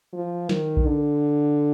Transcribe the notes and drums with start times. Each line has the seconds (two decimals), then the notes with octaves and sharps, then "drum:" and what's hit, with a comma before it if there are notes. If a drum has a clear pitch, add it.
0.13 F3
0.49 D#3, drum: snare
0.77 drum: kick A#1
0.86 D3